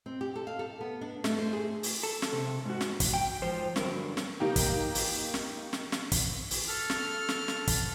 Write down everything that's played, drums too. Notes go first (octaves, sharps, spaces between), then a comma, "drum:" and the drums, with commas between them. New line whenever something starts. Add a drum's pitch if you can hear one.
C4
G4
A4
F5
A4
B3
D4
A3, drum: snare
C5
G#4
drum: open hi-hat
A4
drum: snare
C3
G#2 F#4
drum: snare
drum: kick, hi-hat
G5
G#2 F3 C5
G2 D3 F#3 A#4, drum: snare
drum: snare
A#3 D#4 G4
drum: kick, hi-hat
drum: open hi-hat
drum: snare
drum: snare
drum: snare
drum: kick, hi-hat
drum: open hi-hat
A4 F6
drum: snare
drum: snare
drum: snare
drum: kick, hi-hat